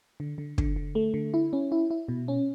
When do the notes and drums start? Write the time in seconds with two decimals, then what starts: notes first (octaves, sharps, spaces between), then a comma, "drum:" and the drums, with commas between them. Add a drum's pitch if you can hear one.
0.20 D3
0.38 D3
0.58 D3, drum: kick
0.76 D3
0.95 A3
1.14 D3
1.34 E4
1.53 C#4
1.72 E4
1.91 E4
2.08 B2
2.28 C#4